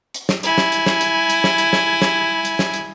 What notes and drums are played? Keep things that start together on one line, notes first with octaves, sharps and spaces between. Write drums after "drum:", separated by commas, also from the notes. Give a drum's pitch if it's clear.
drum: hi-hat
drum: snare
E4 G#5, drum: hi-hat
drum: snare
drum: hi-hat
drum: snare
drum: hi-hat
drum: hi-hat
drum: snare
drum: hi-hat
drum: snare
drum: snare
drum: hi-hat
drum: snare
drum: hi-hat